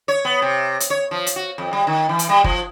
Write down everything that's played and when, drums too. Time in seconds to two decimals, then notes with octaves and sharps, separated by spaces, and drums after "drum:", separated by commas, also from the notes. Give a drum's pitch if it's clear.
0.08 C#5
0.25 B3
0.42 C3
0.80 drum: hi-hat
0.90 C#5
1.11 F3
1.27 drum: hi-hat
1.36 F#4
1.58 F2
1.73 G3
1.87 D#3
2.09 E3
2.19 drum: hi-hat
2.29 G3
2.44 F3, drum: kick